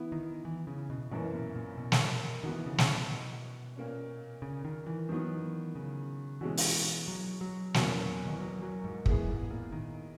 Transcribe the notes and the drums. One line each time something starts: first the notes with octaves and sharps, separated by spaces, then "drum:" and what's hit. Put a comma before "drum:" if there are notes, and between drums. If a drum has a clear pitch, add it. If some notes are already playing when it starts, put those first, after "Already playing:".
Already playing: E3 B3 E4
D#3
E3
C#3
B2
F#2 A#2 E3 A#3
B2
A#2
B2
drum: snare
D#3 E3 B3 F#4
C#3
drum: snare
B2
A#2 A#3 C#4
C#3
D#3
E3
D#3 F#3 B3
C#3
B2 E3 G#3 C#4 F#4
drum: open hi-hat
F#3
F#3
E2 B2 A#3 C#4 F#4, drum: snare
D#3
E3
F#3
F#3
G#2
E2 G#3 B3 E4 G#4, drum: kick
G#2
A#2
D#3